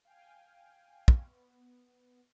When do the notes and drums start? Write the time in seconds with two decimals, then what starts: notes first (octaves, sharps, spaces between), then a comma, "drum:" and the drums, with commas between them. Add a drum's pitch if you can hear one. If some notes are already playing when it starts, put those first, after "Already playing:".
0.05 F5 G5 G#5
1.08 drum: kick
1.26 B3